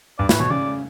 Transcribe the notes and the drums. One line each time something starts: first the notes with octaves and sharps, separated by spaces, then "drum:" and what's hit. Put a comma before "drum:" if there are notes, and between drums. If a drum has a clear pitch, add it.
G2 D5
A2 B4, drum: snare
B2 C#5
C#3 D5